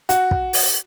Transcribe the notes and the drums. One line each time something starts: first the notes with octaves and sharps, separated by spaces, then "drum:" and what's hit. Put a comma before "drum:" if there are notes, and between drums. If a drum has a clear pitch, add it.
F#4, drum: hi-hat
drum: kick
drum: open hi-hat